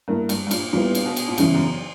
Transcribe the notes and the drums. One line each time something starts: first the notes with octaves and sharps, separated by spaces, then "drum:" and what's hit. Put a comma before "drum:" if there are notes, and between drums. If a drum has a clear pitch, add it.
G2 A#3 E4 A#4
G2, drum: cymbal
G2
A#2, drum: cymbal
A#2 G3 B3 E4 B4
drum: cymbal
B2
drum: cymbal
A#2
G2 C#3 E3 B3 E4, drum: cymbal
F#2